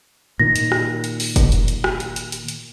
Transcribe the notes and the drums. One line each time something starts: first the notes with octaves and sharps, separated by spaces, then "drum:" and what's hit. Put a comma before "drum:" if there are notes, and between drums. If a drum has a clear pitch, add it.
A#2 D#3 A#6
drum: hi-hat
drum: rim click
drum: hi-hat
drum: open hi-hat
drum: kick, hi-hat
drum: hi-hat
drum: hi-hat
drum: rim click
drum: hi-hat
drum: hi-hat
drum: hi-hat
drum: hi-hat